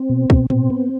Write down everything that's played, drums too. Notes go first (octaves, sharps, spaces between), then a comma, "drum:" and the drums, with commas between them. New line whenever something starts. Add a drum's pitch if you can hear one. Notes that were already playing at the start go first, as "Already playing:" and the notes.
Already playing: C4
B2
B2, drum: kick
B2 C4, drum: tom A2
B3